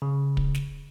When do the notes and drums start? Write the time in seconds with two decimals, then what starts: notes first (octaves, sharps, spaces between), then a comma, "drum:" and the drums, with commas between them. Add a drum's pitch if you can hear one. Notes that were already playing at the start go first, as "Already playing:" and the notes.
0.02 C#3
0.37 drum: kick
0.55 drum: snare